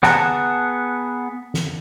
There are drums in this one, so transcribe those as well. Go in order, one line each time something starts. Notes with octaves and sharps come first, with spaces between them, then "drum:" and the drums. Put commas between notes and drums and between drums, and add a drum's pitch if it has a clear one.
B3 G#4 F#5 A5 A#5, drum: snare
drum: snare